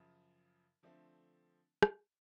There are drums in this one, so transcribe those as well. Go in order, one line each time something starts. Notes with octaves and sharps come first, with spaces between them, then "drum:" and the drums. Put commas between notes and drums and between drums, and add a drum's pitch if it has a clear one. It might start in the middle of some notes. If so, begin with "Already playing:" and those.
Already playing: F#2 C#3 F3
D3 F3 A3 C4
drum: rim click